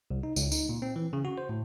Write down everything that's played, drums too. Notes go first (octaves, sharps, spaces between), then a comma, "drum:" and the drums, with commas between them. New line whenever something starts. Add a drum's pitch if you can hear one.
C2
D#4
C#2, drum: tambourine
D#4, drum: tambourine
A#2
C4
E3
C#3
F#4
C5
A2